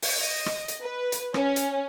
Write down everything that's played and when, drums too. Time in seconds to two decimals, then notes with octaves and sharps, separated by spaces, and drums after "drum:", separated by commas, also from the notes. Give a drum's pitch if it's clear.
0.02 drum: open hi-hat
0.20 D#5
0.46 drum: rim click
0.68 drum: hi-hat
0.81 B4
1.12 drum: hi-hat
1.34 C#4, drum: rim click
1.56 drum: hi-hat